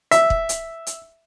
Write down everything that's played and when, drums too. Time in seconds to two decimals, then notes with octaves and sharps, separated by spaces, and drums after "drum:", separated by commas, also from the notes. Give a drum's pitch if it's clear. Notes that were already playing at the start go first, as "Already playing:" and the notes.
0.11 E5, drum: hi-hat
0.30 drum: kick
0.49 drum: hi-hat
0.87 drum: hi-hat